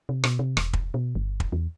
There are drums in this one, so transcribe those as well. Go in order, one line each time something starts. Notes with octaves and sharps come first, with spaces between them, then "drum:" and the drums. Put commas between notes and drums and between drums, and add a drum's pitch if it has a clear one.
C3
B2, drum: rim click
C3
E1, drum: rim click
drum: kick
B2
G1
drum: kick
E2